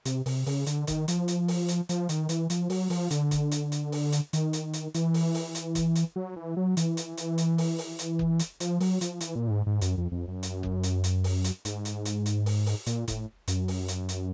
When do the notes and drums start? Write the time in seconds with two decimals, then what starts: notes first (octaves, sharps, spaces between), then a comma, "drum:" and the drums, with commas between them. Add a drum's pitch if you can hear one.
0.05 C3, drum: hi-hat
0.26 C3, drum: open hi-hat
0.46 C#3, drum: open hi-hat
0.67 D3, drum: hi-hat
0.87 D#3, drum: kick F#1, hi-hat
1.08 F3, drum: hi-hat
1.28 drum: hi-hat
1.48 drum: open hi-hat
1.69 drum: hi-hat
1.89 F3, drum: hi-hat
2.09 D#3, drum: hi-hat
2.29 E3, drum: hi-hat
2.50 F3, drum: hi-hat
2.70 F#3, drum: open hi-hat
2.90 F3, drum: open hi-hat
3.11 D3, drum: hi-hat
3.31 drum: kick F#1, hi-hat
3.52 drum: hi-hat
3.72 drum: hi-hat
3.92 drum: open hi-hat
4.13 drum: hi-hat
4.33 D#3, drum: hi-hat
4.53 drum: hi-hat
4.74 drum: hi-hat
4.94 E3, drum: hi-hat
5.14 drum: open hi-hat
5.35 drum: open hi-hat
5.55 drum: hi-hat
5.75 drum: kick F#1, hi-hat
5.96 drum: hi-hat
6.16 F#3
6.36 E3
6.57 F#3
6.77 E3, drum: hi-hat
6.97 drum: hi-hat
7.18 drum: hi-hat
7.38 drum: hi-hat
7.58 drum: open hi-hat
7.79 drum: open hi-hat
7.99 drum: hi-hat
8.19 drum: kick F#1
8.39 drum: hi-hat
8.60 F3, drum: hi-hat
8.80 F#3, drum: open hi-hat
9.01 F3, drum: hi-hat
9.21 E3, drum: hi-hat
9.35 A#2
9.47 A2
9.51 G#2
9.66 G#2
9.81 F#2, drum: hi-hat
9.98 F2
10.12 F2
10.28 F#2
10.43 drum: hi-hat
10.63 drum: kick F#1
10.83 drum: hi-hat
11.04 drum: hi-hat
11.24 drum: open hi-hat
11.44 drum: hi-hat
11.65 G#2, drum: hi-hat
11.85 drum: hi-hat
12.05 drum: hi-hat
12.26 drum: hi-hat
12.46 drum: open hi-hat
12.66 drum: open hi-hat
12.87 A#2, drum: hi-hat
13.08 A2, drum: kick F#1, hi-hat
13.48 F#2, drum: hi-hat
13.68 drum: open hi-hat
13.88 drum: hi-hat
14.09 drum: hi-hat